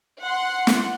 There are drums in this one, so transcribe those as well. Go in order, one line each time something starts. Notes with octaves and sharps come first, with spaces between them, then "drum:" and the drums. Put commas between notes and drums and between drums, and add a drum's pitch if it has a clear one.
F#5 C6
drum: snare